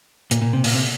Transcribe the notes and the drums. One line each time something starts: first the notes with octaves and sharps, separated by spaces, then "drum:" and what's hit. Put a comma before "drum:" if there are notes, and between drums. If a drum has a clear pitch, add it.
A#2, drum: hi-hat
A#2
C3
A#2, drum: open hi-hat
C3